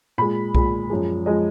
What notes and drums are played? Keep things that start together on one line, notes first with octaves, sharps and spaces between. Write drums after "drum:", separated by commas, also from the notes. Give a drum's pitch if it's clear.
A#2 G#3 B5
A#2 G#3, drum: kick B1
F#2 F3 G#3
F3 G#3 D#5